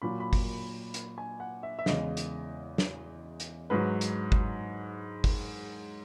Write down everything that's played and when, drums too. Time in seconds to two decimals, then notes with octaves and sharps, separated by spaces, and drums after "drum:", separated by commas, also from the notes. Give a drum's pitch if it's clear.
0.02 A#2 F#3 B5
0.20 B5
0.33 drum: kick G1, open hi-hat
0.94 drum: hi-hat
1.18 G#5
1.40 F#5
1.63 E5
1.79 E5
1.86 E2 C#3 G#3 D#5, drum: snare
2.17 drum: hi-hat
2.78 drum: snare
3.40 drum: hi-hat
3.70 G#2 F#3 B4
4.01 drum: hi-hat
4.32 drum: kick G1
5.24 drum: kick G1, open hi-hat